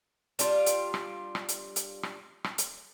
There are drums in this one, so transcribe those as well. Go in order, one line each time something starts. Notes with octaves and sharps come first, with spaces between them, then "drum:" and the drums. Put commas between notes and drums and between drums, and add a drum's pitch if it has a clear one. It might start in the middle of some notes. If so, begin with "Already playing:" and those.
G3 D4 F4, drum: hi-hat
drum: hi-hat
drum: rim click
drum: rim click
drum: hi-hat
drum: hi-hat
drum: rim click
drum: rim click
drum: hi-hat